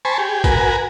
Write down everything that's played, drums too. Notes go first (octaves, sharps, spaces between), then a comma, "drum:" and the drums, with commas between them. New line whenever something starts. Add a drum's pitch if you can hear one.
C5 G#5 A5 B5 C#6
G4 G#4
F#4 A#4 B4 G#5, drum: kick, tambourine